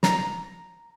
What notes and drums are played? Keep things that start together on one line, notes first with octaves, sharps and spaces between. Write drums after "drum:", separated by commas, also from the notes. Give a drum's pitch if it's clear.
A#5, drum: snare